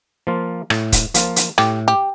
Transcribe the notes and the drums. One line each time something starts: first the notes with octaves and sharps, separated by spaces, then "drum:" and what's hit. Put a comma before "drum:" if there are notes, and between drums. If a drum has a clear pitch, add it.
F3 A#3 F4
A2, drum: rim click
drum: kick, hi-hat
F3 A#3 F4, drum: hi-hat
drum: hi-hat
A2 G4, drum: rim click
G4